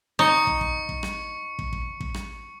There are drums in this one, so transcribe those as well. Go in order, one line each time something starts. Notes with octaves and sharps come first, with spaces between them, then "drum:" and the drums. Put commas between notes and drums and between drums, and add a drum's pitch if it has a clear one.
D#4 C#6 C#7
drum: kick
drum: kick
drum: kick
drum: rim click
drum: kick
drum: kick
drum: kick
drum: rim click